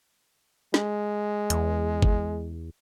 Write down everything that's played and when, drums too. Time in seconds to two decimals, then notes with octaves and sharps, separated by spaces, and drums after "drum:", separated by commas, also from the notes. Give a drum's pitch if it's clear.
0.74 G#3, drum: snare
1.50 E2, drum: hi-hat
2.02 drum: kick